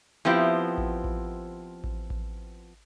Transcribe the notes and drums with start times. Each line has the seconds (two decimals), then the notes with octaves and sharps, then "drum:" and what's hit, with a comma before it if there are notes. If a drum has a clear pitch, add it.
0.25 F3 B3 C4 E4 G4
0.78 drum: kick A1
1.04 drum: kick A1
1.84 drum: kick A1
2.10 drum: kick A1